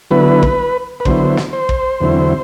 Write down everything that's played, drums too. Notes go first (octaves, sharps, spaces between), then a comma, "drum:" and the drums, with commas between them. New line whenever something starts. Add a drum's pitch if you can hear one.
D3 F#3 B3 E4 B4
drum: kick
B4
D3 F#3 B3 E4 C5, drum: kick
drum: snare
C5
drum: kick
E2 D3 F#3 C4 E4